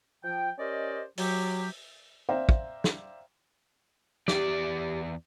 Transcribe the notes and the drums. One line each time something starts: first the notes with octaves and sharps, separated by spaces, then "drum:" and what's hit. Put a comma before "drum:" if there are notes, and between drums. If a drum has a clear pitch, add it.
F3 G5
C#4 G4 A#4 C5 D5 D#5
F#3 G4, drum: open hi-hat
C5 D5 E5 F5 G5 A#5
drum: kick
drum: snare
E2 G4 D5, drum: snare